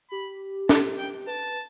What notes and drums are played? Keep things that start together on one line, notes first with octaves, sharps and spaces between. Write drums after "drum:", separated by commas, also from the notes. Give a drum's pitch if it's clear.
G4 B5
A5, drum: snare
G5
B4 A5